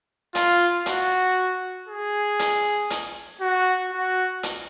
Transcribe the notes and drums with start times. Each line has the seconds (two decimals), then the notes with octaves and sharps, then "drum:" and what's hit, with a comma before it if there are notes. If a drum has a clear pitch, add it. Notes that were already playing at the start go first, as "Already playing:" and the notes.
0.35 F4, drum: hi-hat
0.86 F#4, drum: hi-hat
1.88 G#4
2.39 drum: hi-hat
2.90 drum: hi-hat
3.41 F#4
3.93 F#4
4.43 drum: hi-hat